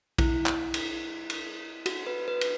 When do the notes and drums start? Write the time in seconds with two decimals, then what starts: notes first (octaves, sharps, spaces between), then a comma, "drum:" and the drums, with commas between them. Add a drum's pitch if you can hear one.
0.18 E4, drum: kick A#1, cymbal
0.46 drum: clap
0.74 drum: cymbal
1.30 drum: cymbal
1.86 F#4, drum: cymbal
2.06 B4
2.28 B4
2.41 drum: cymbal